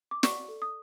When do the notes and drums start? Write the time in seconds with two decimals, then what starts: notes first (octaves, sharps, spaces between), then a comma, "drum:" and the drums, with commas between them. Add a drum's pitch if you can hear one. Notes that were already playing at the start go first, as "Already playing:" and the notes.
0.11 D6
0.23 D5 C#6, drum: snare
0.48 A4
0.62 D#6